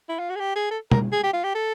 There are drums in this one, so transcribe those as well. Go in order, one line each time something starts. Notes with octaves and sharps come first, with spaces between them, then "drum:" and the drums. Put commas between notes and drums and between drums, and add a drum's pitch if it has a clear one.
E4
F4
F#4
G#4
G4
G#4
A4
A#4, drum: tom B2
G#4
G4
F4
G4
A4